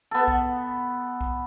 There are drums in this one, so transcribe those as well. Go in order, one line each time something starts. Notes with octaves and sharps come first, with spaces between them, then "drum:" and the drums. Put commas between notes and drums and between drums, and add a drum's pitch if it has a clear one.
B3 A4
drum: kick B1
drum: kick B1